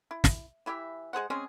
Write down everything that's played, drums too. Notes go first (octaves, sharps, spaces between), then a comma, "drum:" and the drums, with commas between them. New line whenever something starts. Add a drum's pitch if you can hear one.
E4
drum: snare
E3 E4 G4 E5
G#3 G#4 C5 F#5
G#3 C4 C#4 G#4